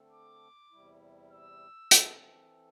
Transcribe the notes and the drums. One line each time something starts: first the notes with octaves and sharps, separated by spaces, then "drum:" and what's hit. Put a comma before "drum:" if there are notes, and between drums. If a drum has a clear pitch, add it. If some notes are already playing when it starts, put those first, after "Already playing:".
Already playing: D3 A3 C4 A4
D6
E2 C3 G3 E4
E6
E3 C4 A4, drum: hi-hat